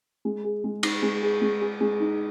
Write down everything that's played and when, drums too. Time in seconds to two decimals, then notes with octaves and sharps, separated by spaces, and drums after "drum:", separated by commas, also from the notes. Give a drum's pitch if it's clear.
0.25 G#3
0.44 G#4
0.64 G#3
0.83 D#4, drum: cymbal
1.03 G#3
1.22 G#4
1.42 G#3
1.61 G#4
1.81 G#3
2.00 D#4